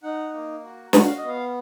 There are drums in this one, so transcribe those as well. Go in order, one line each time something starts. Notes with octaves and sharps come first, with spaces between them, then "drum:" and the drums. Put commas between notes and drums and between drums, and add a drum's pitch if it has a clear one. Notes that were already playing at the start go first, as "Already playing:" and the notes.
D#4 F#5
A#3
F#4
F#4 F#5, drum: snare
F5
D#5
B3 F5